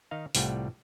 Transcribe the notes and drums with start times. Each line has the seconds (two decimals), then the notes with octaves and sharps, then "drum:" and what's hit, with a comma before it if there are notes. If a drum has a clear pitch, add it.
0.11 D#3 D#4 F5
0.35 C2 A2 G3 F4 G4 F#5, drum: open hi-hat